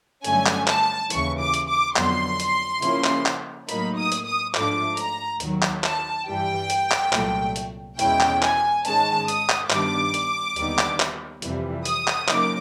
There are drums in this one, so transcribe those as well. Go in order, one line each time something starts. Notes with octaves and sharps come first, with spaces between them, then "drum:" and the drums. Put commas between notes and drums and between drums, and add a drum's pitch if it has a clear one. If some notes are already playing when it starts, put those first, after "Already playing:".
G2 D3 F#3 A3 C#4 G#5, drum: hi-hat
drum: clap
A5, drum: clap
D#2 C#3 E3 C#6, drum: hi-hat
D6
drum: hi-hat
D6
F2 D3 F#3 B3 C6, drum: clap
drum: hi-hat
C#3 F3 A#3 C#4 E4, drum: hi-hat
drum: clap
drum: clap
A2 F#3 A#3 D#4 B5, drum: hi-hat
D#6
drum: hi-hat
D#6
G#2 F3 A3 D4 D6, drum: clap
A#5, drum: hi-hat
D#2 D#3 F#3, drum: hi-hat
drum: clap
A5, drum: clap
G2 E3 G3 G5
drum: hi-hat
drum: clap
C2 A#2 F#3 A3, drum: clap
drum: hi-hat
E2 B2 G#3 C#4 E4 G5, drum: hi-hat
drum: clap
G#5, drum: clap
G#2 D#3 G#3 C#4 A5, drum: hi-hat
D#6, drum: hi-hat
drum: clap
G2 D#3 G3 B3 D4 D6, drum: clap
drum: hi-hat
D#2 D3 G3 B3 D#4, drum: hi-hat
drum: clap
drum: clap
F2 C3 E3 G3, drum: hi-hat
D#6, drum: hi-hat
drum: clap
C#3 F#3 A#3 D#4 D6, drum: clap